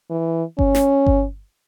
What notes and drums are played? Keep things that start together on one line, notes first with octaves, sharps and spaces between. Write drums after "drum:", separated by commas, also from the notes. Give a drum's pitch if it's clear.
E3
C#4, drum: kick G1
drum: snare
drum: kick G1